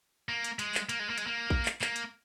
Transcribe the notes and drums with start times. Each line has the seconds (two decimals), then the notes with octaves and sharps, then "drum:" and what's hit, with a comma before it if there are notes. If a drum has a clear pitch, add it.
0.29 A#3
0.44 drum: hi-hat
0.59 G#3, drum: hi-hat
0.75 drum: clap
0.89 A#3, drum: hi-hat
0.99 G#3
1.10 A#3
1.18 G#3, drum: hi-hat
1.27 A#3
1.50 drum: kick A#1
1.65 drum: clap
1.81 A#3, drum: clap
1.96 drum: hi-hat